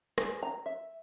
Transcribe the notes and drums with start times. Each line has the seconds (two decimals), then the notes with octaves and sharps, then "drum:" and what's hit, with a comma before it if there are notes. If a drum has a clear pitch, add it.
0.18 G#4, drum: rim click
0.43 A#5
0.66 E5